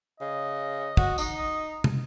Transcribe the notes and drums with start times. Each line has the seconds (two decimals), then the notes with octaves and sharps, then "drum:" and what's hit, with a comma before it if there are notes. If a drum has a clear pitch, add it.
0.20 C#3 D#5
0.97 F#4, drum: kick
1.18 D#4, drum: tambourine
1.84 drum: tom